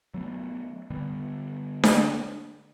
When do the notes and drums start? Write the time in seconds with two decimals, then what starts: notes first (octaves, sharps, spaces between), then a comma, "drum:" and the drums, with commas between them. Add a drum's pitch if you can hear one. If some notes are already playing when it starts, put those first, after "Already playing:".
0.14 F#3 A3 B3
0.90 D3 G3 B3
1.84 drum: snare D4